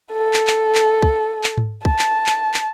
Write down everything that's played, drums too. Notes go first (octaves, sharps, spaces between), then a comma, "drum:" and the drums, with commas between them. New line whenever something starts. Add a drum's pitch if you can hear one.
A4
drum: clap
drum: clap
drum: clap
drum: kick
drum: clap
drum: tom G#2
A5, drum: kick
drum: clap
drum: clap
drum: clap